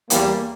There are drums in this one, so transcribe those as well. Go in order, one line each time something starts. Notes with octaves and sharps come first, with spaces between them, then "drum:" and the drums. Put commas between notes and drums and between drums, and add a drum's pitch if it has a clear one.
E2 E3 G3 A#3, drum: hi-hat